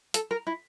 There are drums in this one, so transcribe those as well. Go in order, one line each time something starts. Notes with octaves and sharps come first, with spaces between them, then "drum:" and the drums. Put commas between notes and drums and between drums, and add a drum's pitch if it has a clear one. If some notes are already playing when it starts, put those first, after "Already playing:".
A4, drum: hi-hat
A#4
E4